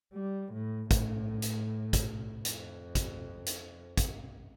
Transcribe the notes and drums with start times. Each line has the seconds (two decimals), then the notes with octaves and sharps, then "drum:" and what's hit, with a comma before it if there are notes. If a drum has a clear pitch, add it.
0.14 G3
0.53 A2
0.91 A2, drum: kick, hi-hat
1.42 drum: hi-hat
1.93 drum: kick, hi-hat
2.45 F2, drum: hi-hat
2.95 drum: kick, hi-hat
3.46 drum: hi-hat
3.97 drum: kick, hi-hat